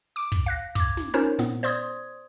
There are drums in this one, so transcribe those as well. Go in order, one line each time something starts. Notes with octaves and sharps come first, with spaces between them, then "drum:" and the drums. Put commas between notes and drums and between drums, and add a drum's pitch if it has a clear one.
D6 D7
drum: kick
F5 F#6 A#6
D6 G#6, drum: kick
drum: snare
C#4 D#4 F4 A#4 C5 C#5
A#2 B3, drum: snare
C5 D5 C6 D#6 G#6